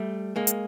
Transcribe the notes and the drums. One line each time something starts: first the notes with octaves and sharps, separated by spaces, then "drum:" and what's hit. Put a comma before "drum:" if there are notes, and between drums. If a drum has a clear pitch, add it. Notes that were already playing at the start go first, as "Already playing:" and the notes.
Already playing: G3 A3
G#3 A#3
drum: hi-hat